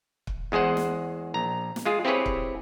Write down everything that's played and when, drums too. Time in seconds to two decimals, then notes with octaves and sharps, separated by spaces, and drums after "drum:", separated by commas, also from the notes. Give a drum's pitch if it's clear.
0.27 drum: kick
0.52 E2 G#3 G#4 C5 F#5
0.77 drum: snare
1.34 A#1 A#5
1.76 drum: snare
1.85 G#3 F4 G#4
2.05 C4 E4 G4 G#4 B4 C#5
2.26 drum: kick